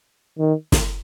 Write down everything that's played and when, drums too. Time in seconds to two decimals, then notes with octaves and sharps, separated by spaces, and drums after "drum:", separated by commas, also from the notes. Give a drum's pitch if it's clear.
0.39 D#3
0.72 drum: snare